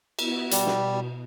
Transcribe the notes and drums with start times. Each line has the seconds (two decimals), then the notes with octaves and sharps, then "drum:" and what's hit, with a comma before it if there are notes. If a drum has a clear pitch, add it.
0.19 B3 E4 F#4, drum: cymbal
0.51 B2 G3, drum: hi-hat
0.67 drum: snare